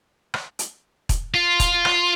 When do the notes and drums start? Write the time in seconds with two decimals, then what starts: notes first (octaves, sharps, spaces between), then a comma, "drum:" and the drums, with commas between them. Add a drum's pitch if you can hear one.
0.34 drum: rim click
0.59 drum: hi-hat
1.09 drum: kick, hi-hat
1.34 F4
1.60 drum: kick, hi-hat
1.85 drum: rim click